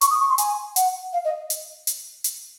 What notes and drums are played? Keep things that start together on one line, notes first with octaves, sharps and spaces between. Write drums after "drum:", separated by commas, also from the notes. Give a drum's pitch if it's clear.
C#6, drum: hi-hat
D#6
C#6
C6
G#5, drum: hi-hat
F#5, drum: hi-hat
F5
D#5
drum: hi-hat
drum: hi-hat
drum: hi-hat